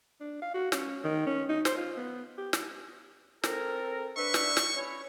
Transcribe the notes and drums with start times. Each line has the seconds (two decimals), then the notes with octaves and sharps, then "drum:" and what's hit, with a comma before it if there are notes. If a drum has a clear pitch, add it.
0.20 D4
0.42 F5
0.54 F#4
0.72 C#4, drum: snare
1.04 D#3
1.27 C#4
1.49 D#4
1.65 C5, drum: snare
1.77 F4
1.97 B3
2.38 G4
2.53 drum: snare
3.44 C4 A4 A#4, drum: snare
4.17 D4 B4 E5 C#6
4.34 drum: snare
4.57 drum: snare
4.76 C#4 E4 C#5